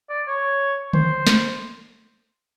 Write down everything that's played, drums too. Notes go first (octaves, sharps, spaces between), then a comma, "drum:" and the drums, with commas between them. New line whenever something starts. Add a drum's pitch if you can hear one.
D5
C#5
C5, drum: tom D3
drum: snare